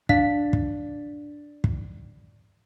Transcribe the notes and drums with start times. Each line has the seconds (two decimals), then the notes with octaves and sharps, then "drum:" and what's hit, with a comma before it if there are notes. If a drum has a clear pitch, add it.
0.09 D4 F5 B6, drum: kick
0.53 drum: kick
1.64 drum: kick